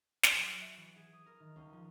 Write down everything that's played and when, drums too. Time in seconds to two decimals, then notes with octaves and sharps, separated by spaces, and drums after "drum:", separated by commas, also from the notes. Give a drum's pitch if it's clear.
0.23 G#5, drum: snare
0.36 F#3
0.48 F#6
0.61 E5
0.77 E3
0.96 G#4
1.13 D#6
1.26 A#4
1.40 D#3
1.56 C#2
1.73 F3